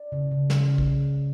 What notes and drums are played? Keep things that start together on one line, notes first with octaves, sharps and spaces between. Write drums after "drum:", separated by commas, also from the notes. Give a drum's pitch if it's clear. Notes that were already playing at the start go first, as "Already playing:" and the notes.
Already playing: D5
C#3
C#3
C#3, drum: snare
drum: kick